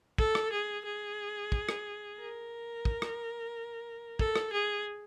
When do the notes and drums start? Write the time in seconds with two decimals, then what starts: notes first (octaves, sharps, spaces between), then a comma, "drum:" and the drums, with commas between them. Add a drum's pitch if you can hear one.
0.18 A4, drum: kick
0.35 drum: rim click
0.52 G#4
0.85 G#4
1.52 drum: kick
1.69 drum: rim click
2.19 A#4
2.85 drum: kick
3.02 drum: rim click
4.19 A4, drum: kick
4.36 drum: rim click
4.52 G#4